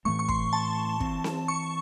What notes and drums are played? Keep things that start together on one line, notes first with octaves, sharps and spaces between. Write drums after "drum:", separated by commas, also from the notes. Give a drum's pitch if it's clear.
A2 E3 A3 C4 C#6
C#6
C6, drum: kick
A5
E3 C4, drum: kick
drum: snare C4
C#6